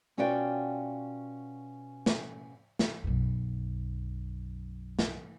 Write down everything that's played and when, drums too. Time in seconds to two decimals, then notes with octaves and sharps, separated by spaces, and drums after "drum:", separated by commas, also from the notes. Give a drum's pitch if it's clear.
0.17 B2 C#4 F4 F#4 D5 G5
2.06 drum: snare
2.79 drum: snare
3.04 B1 F#2
4.99 drum: snare